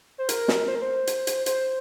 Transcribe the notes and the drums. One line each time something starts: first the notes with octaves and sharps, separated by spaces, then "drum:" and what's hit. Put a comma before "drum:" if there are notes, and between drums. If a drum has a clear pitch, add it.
C5
A#4, drum: hi-hat
drum: snare
C5
A#4
C5
drum: hi-hat
drum: hi-hat
C5, drum: hi-hat